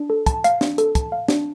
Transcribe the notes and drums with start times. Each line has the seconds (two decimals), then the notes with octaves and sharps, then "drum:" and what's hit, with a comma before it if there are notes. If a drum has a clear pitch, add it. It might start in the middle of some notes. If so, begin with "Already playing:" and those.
Already playing: D4
0.10 A4
0.26 A5, drum: kick, hi-hat
0.44 F5, drum: hi-hat
0.61 D4, drum: snare
0.78 A4, drum: hi-hat
0.95 A5, drum: kick, hi-hat
1.12 F5
1.28 D4, drum: snare